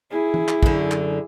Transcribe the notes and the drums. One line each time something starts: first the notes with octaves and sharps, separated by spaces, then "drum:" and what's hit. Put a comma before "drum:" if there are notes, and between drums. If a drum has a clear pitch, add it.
E4 G#4
drum: tom E3
drum: clap
F#2 D3, drum: kick
drum: clap